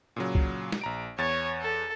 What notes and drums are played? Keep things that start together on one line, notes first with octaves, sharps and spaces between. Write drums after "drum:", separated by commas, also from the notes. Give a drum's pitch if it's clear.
A#2 C#3 F#3
drum: kick C2
drum: snare
A#1 A#5 D7
E2 C#5 A6
A4